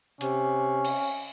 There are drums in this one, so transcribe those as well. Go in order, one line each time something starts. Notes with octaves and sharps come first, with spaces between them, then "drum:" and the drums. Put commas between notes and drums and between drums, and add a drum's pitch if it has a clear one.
C3 C#4, drum: hi-hat
drum: cymbal